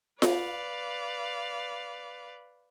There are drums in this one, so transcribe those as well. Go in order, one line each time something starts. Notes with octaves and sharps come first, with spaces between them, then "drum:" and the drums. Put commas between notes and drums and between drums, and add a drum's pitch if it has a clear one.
B4 D5 F5, drum: snare F4